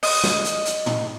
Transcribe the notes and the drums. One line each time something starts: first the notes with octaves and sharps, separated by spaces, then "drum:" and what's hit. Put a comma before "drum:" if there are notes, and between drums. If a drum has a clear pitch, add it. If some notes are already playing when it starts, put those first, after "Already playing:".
D#5, drum: open hi-hat
drum: snare
drum: hi-hat
drum: hi-hat
drum: tom